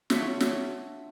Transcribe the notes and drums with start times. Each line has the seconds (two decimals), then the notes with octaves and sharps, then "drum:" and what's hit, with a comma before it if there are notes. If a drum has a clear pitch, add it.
0.10 D4 F4 F#4 C#5 E5 C#6, drum: snare
0.41 drum: snare